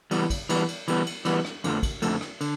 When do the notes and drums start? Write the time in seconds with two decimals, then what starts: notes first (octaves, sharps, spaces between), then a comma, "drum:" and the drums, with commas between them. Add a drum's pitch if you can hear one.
0.11 E3 G3 B3, drum: cymbal
0.30 drum: kick, cymbal
0.49 E3 G3 B3, drum: cymbal
0.68 drum: cymbal
0.88 E3 G3 B3, drum: cymbal
1.07 drum: cymbal
1.25 E3 G3 B3, drum: cymbal
1.45 drum: rim click
1.64 F2 D3 F3 A3, drum: cymbal
1.83 drum: kick, cymbal
2.02 F2 D3 F3 A3, drum: cymbal
2.21 drum: rim click
2.41 D3, drum: cymbal